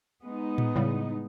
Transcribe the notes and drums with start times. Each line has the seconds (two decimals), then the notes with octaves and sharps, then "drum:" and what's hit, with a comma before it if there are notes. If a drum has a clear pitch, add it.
0.22 G#3 B3 D#4
0.58 drum: tom A2
0.76 A2 C#3 G3